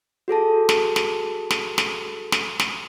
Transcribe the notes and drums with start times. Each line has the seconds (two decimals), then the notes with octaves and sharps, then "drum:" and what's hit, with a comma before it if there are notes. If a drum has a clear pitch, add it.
0.28 F#4 G#4 A4 A5
0.69 drum: snare
0.96 drum: snare
1.51 drum: snare
1.78 drum: snare
2.32 drum: snare
2.60 drum: snare